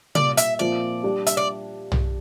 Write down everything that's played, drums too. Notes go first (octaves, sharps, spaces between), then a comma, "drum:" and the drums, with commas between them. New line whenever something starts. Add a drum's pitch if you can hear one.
A#2 G3 A#3 D5, drum: tom C3
E5, drum: hi-hat
A#2 F3 C4 F4 D5
G3 D4 G4
E5, drum: hi-hat
D5
drum: tom